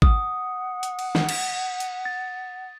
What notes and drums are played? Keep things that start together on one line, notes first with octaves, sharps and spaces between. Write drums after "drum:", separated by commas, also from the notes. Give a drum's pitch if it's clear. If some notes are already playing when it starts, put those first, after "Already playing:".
F#5 D#6, drum: kick
drum: hi-hat
drum: cymbal
drum: snare
drum: cymbal
drum: hi-hat
A6